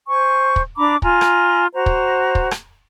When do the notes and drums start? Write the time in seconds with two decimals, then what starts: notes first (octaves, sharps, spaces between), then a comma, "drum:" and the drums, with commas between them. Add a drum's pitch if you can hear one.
0.07 C5 G#5 C#6
0.56 drum: kick
0.77 D4 A#5 B5 D6
1.02 F4 G#5 A#5, drum: kick
1.21 drum: rim click
1.74 F#4 C5 A#5
1.86 drum: kick
2.35 drum: kick
2.51 drum: rim click